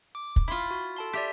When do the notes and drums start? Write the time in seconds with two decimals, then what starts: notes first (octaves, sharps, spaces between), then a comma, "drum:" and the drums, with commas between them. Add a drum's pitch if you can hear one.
0.15 D6
0.36 drum: kick
0.48 E4 F4 B5 C6
0.71 F#4
0.96 A4 A5 C6
1.13 G4 D5 E5 B6